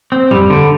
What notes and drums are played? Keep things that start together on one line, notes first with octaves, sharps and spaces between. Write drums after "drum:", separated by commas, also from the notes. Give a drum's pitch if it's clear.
C4
G3, drum: tom
D3